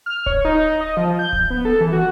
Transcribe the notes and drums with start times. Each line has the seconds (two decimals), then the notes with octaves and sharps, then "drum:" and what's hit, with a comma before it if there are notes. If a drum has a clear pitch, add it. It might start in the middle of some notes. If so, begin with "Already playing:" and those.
0.06 F6
0.26 C#5, drum: kick D1
0.45 D#4
0.81 D#5
0.97 F3
1.19 G6
1.33 drum: kick D1
1.50 B3
1.65 A4
1.81 E3
1.92 F#4